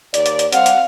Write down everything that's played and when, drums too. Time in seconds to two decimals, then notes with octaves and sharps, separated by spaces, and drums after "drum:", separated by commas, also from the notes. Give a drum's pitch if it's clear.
0.14 D#2 D5, drum: hi-hat
0.26 drum: hi-hat
0.39 drum: hi-hat
0.52 G3 C4 G4 F5 F#5, drum: hi-hat
0.66 drum: hi-hat